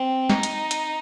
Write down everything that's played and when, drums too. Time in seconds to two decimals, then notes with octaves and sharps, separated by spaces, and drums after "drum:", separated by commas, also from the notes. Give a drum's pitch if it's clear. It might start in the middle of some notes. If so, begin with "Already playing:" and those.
Already playing: C4
0.30 D#4, drum: snare
0.43 drum: hi-hat
0.71 drum: hi-hat